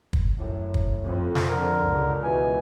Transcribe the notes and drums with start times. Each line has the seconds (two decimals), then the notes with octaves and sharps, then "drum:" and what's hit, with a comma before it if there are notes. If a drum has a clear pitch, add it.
0.13 drum: kick
0.38 F#2 A2
0.74 drum: kick
1.05 F2
1.35 drum: snare
1.49 D3 A#4
1.86 C#2
2.23 B2 E3 G#5